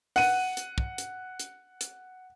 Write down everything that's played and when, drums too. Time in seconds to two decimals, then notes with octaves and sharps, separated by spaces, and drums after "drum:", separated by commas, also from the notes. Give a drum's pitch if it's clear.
0.16 F#5 D#7, drum: open hi-hat
0.57 drum: hi-hat
0.78 drum: kick
0.98 drum: hi-hat
1.40 drum: hi-hat
1.81 drum: hi-hat